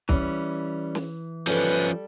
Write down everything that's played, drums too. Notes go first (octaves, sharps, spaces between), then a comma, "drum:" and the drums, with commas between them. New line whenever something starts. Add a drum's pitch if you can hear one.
E3 G3 C#4, drum: kick
drum: snare
F3 G3 C#4 A4 B4